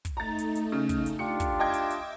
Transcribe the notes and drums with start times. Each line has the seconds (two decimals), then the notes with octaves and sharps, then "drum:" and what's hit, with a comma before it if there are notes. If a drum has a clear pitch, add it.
0.05 drum: kick, hi-hat
0.17 A3 D#4 A#5 A6
0.39 drum: hi-hat
0.55 drum: hi-hat
0.72 C#3
0.89 drum: kick, hi-hat
1.06 drum: hi-hat
1.19 D4 F4 G4 C#7
1.40 drum: kick, hi-hat
1.60 D#5 E5 G5 D6 E6 G#6
1.74 drum: hi-hat
1.90 drum: hi-hat